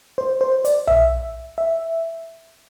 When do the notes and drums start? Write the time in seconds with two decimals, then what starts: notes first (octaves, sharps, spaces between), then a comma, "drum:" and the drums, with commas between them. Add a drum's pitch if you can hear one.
0.18 C5
0.41 C5
0.65 D5, drum: hi-hat
0.87 E5, drum: tom B1
1.58 E5